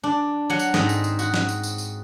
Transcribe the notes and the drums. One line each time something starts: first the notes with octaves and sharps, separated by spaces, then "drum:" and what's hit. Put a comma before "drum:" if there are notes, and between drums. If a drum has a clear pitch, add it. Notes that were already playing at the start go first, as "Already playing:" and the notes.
D4
F#3 F#5
drum: tambourine
G#2 C4 D#5, drum: snare
drum: tambourine
drum: tambourine
F#4, drum: tambourine
drum: snare
drum: tambourine
drum: tambourine
drum: tambourine